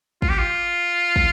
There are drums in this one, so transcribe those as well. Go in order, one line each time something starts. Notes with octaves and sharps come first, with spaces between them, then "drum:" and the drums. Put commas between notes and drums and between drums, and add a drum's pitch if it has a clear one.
F4, drum: kick
G4
F4
drum: kick